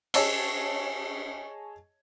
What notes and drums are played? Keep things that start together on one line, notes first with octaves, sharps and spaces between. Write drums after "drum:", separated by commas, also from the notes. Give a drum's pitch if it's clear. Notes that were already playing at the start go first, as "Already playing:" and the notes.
G#4 C#5 D#5 A5 E6, drum: cymbal